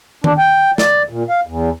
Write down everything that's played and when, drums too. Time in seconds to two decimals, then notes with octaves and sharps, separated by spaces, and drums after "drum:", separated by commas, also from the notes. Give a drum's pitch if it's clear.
0.24 D4, drum: tom D#3
0.38 G5
0.78 D5, drum: snare
1.09 A#2
1.29 F5
1.47 E2